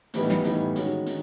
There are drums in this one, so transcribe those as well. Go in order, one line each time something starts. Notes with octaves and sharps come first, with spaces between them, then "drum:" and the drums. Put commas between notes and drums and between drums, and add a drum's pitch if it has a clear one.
A2 E3 G3 B3 D#4, drum: hi-hat
drum: snare
A2 E3 G3 B3 D#4, drum: hi-hat
D#3 G#3 C#4 F#4, drum: hi-hat
D#3, drum: hi-hat